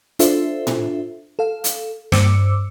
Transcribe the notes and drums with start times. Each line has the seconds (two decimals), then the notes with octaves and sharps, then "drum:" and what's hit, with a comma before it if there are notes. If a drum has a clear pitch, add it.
0.19 D4 F4 A4 C5 E5, drum: hi-hat
0.67 drum: tom A2
1.39 A4 F5
1.64 drum: hi-hat
2.12 G2 C5 D6 E6 C#7, drum: snare